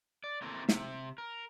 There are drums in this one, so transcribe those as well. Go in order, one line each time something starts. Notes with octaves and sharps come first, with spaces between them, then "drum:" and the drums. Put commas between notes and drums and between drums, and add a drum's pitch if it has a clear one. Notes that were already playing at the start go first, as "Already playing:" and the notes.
D5
A3 A#3 C4 E4 A4 A#4
C3 E5, drum: snare
A#4